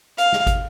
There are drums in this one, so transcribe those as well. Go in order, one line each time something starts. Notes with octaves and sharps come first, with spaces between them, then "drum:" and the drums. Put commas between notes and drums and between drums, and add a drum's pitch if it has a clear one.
F5, drum: hi-hat
drum: snare
drum: kick, hi-hat